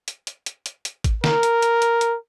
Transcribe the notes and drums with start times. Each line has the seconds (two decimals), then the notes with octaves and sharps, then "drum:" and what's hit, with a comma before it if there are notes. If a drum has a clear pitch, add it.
0.08 drum: hi-hat
0.27 drum: hi-hat
0.46 drum: hi-hat
0.66 drum: hi-hat
0.85 drum: hi-hat
1.04 drum: kick, hi-hat
1.24 A#4, drum: snare
1.43 drum: hi-hat
1.62 drum: hi-hat
1.82 drum: hi-hat
2.01 drum: hi-hat